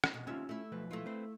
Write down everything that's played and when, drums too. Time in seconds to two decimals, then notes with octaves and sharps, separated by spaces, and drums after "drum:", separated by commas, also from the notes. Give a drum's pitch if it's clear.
0.04 drum: rim click
0.14 B2
0.27 D#2 C3 C#4 F4 E5
0.49 A3 E4
0.72 B1 F3 B4
0.91 A3 E4 F4
1.05 C4 B4 C5